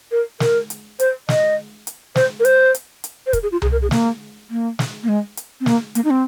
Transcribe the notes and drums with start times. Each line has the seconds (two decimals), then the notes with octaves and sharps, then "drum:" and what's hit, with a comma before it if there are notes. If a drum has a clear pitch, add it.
0.11 A#4
0.40 A#4, drum: snare
0.70 drum: hi-hat
1.00 C5, drum: hi-hat
1.29 D#5, drum: snare
1.87 drum: hi-hat
2.16 C5, drum: snare
2.40 A#4
2.45 C5, drum: hi-hat
2.75 drum: hi-hat
3.04 drum: hi-hat
3.27 C5
3.33 A#4, drum: kick, hi-hat
3.43 G#4
3.52 F4
3.62 G#4, drum: tom C2
3.72 A#4
3.82 G#4
3.91 A#3, drum: snare
4.50 A#3
4.79 drum: snare
5.03 A#3
5.09 G#3
5.37 drum: hi-hat
5.60 C4
5.66 A#3, drum: snare
5.95 A#3, drum: hi-hat
6.04 D#4
6.10 C4